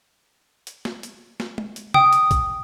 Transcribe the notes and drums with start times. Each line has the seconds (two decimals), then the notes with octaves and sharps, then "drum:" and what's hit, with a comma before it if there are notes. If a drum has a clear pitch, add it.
0.67 drum: hi-hat
0.85 drum: snare
1.03 drum: hi-hat
1.40 drum: snare
1.58 drum: tom G#3
1.76 drum: hi-hat
1.94 G5 D#6, drum: tom C3
2.13 drum: hi-hat
2.31 drum: kick B1, hi-hat